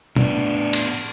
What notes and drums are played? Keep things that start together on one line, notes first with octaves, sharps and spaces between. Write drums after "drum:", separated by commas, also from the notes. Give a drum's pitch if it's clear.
A2 B3 D4, drum: tom
drum: cymbal